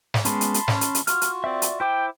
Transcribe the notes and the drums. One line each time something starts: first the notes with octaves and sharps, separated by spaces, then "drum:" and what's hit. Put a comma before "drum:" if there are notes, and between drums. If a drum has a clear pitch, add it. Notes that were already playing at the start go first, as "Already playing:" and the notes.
drum: snare
G#3 B3 C#4 A5 B5 C6, drum: hi-hat
drum: hi-hat
drum: hi-hat
C#4, drum: snare
drum: hi-hat
drum: hi-hat
F4 F#4 F6, drum: hi-hat
drum: hi-hat
C4 D5 E5
drum: hi-hat
E4 C5 G5 D6